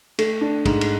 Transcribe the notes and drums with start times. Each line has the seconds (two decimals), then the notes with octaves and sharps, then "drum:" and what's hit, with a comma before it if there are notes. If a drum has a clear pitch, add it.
0.19 A3, drum: cymbal
0.41 D4
0.65 G#2, drum: kick, cymbal
0.81 drum: cymbal